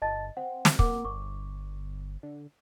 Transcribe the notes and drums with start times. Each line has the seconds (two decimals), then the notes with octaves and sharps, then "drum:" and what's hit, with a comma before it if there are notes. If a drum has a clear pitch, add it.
0.02 G1 D#5 A5 A6
0.37 C4 F#5
0.65 drum: snare
0.79 A#3 A#4 F#5 D6, drum: kick
1.05 G1 C#6 D6
2.23 D3